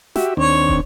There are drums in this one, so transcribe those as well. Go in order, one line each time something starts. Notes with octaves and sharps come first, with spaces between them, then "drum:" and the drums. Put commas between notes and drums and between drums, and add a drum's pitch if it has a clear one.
F#4 G4 E5, drum: snare
D#2 C4 D4 C#5
drum: kick